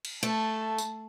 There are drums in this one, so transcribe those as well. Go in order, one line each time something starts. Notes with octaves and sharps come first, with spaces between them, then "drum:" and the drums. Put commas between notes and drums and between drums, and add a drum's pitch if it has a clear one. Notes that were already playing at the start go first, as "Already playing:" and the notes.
drum: cymbal
A3 A5
drum: tambourine